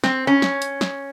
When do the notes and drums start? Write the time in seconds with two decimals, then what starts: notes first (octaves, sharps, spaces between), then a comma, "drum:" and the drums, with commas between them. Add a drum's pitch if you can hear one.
0.04 C4, drum: snare
0.27 C#4
0.42 drum: snare
0.62 drum: hi-hat
0.81 drum: snare